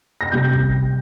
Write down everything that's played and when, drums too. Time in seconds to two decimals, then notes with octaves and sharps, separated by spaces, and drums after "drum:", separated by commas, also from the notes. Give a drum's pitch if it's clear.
0.21 A#6
0.32 C3 G3 G6
0.53 drum: kick